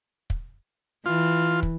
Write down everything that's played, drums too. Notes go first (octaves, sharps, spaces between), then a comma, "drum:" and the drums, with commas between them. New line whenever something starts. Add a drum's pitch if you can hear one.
drum: kick
E3 F4
drum: kick